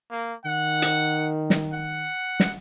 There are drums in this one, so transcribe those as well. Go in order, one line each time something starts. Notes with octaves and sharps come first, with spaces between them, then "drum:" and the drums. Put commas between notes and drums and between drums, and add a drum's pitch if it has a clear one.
A#3
D#3 F#5
drum: hi-hat
drum: snare
F#5
drum: snare